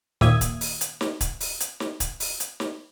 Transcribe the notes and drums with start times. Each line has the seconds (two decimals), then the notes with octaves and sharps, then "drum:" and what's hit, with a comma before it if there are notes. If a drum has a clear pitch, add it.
0.21 D#2 A#2 E5 D#6 G#6, drum: snare
0.41 drum: kick, hi-hat
0.61 drum: open hi-hat
0.81 drum: hi-hat
1.01 drum: snare
1.21 drum: kick, hi-hat
1.40 drum: open hi-hat
1.60 drum: hi-hat
1.80 drum: snare
2.00 drum: kick, hi-hat
2.20 drum: open hi-hat
2.40 drum: hi-hat
2.60 drum: snare